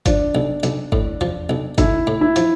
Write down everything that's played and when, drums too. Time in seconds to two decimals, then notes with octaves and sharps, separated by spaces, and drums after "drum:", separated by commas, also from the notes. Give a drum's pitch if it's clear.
0.06 F3 D4, drum: kick G1, hi-hat
0.35 B1
0.63 B1, drum: hi-hat
0.92 A2, drum: kick G1
1.21 F3, drum: tom E2
1.49 B1
1.78 B1 E4, drum: kick G1, hi-hat
2.07 A2
2.21 E4
2.36 F3, drum: hi-hat